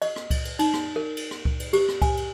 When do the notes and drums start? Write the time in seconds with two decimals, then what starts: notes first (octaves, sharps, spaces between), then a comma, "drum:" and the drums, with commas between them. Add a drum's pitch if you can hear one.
0.02 D#5, drum: cymbal
0.16 drum: rim click
0.30 drum: kick C#2, cymbal
0.45 drum: cymbal
0.59 D#4, drum: cymbal
0.74 drum: rim click
0.96 A#4
1.17 drum: cymbal
1.31 drum: rim click
1.45 drum: kick C#2
1.60 drum: cymbal
1.73 G4, drum: cymbal
1.88 drum: rim click
2.02 G#5, drum: kick C#2, cymbal
2.17 drum: cymbal